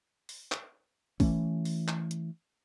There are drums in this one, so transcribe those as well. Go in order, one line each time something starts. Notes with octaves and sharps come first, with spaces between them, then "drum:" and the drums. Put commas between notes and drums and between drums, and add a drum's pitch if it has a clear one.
drum: open hi-hat
drum: clap
E3 A3 C#4, drum: kick, open hi-hat
drum: open hi-hat
drum: clap
drum: hi-hat